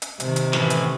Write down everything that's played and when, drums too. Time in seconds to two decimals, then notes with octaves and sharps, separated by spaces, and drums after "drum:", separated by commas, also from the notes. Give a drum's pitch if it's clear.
0.02 drum: hi-hat
0.20 C3 D#3, drum: hi-hat
0.36 drum: hi-hat
0.53 A2 E3, drum: snare
0.70 drum: hi-hat